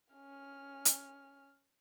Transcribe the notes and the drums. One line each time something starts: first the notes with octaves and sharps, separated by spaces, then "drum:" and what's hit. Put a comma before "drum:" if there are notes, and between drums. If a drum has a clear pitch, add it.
C#4 F6
drum: hi-hat